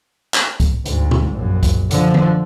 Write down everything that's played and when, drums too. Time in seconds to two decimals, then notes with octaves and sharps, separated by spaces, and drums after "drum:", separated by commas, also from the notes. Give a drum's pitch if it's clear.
0.34 drum: clap
0.60 drum: kick C2, hi-hat
0.86 D2 G#2, drum: hi-hat
1.11 drum: tom A#2
1.31 A#1 F#2
1.63 drum: kick C2, hi-hat
1.91 D3 F3, drum: hi-hat
2.14 drum: tom D3